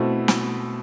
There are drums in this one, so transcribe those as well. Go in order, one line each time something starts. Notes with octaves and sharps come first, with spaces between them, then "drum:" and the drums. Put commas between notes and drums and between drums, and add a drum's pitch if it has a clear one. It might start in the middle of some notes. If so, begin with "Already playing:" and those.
Already playing: B2 A3 C4 E4
drum: snare